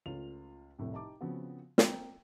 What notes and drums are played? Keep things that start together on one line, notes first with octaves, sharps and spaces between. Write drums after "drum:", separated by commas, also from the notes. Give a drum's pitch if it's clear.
C#2 A3 C#4 F4 F7
F1 C2 A2 C3
D#4 G4 A5 D6
C#3 F3 B3 C4 F#4
A#3 C4 G5, drum: snare